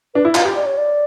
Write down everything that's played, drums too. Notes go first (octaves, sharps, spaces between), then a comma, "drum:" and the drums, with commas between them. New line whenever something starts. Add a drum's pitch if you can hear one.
D4 B4
E4
F4, drum: clap
G4
D5
C#5
D5